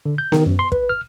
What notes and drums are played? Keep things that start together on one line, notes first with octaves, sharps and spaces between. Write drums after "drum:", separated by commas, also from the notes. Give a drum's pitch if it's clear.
D3
G6
D#3, drum: snare B3
F#2
C6
B4, drum: kick
F6